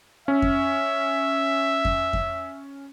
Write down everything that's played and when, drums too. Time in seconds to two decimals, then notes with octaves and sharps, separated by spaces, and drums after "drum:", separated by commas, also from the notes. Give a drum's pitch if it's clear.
0.28 C#4 E5
0.42 drum: kick F2
1.85 drum: kick F2
2.13 drum: kick F2